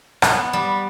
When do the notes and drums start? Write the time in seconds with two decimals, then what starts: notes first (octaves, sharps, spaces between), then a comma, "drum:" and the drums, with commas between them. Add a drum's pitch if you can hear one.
0.22 B3, drum: rim click
0.53 G3